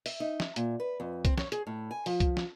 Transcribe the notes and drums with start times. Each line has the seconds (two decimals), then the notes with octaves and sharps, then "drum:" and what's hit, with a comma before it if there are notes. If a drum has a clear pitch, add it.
0.06 E5, drum: open hi-hat
0.20 D#4
0.40 drum: snare
0.56 A#2, drum: hi-hat
0.80 B4
1.00 F2
1.25 C4, drum: kick C2, hi-hat
1.38 C#5, drum: snare
1.52 G#4, drum: hi-hat
1.67 A2
1.91 G#5
2.06 F3, drum: open hi-hat
2.20 drum: kick C2, hi-hat
2.37 drum: snare